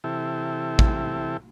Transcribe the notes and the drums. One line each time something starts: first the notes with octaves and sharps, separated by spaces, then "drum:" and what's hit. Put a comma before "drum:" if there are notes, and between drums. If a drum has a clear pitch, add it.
C3 E3 E4 G4 A4
drum: kick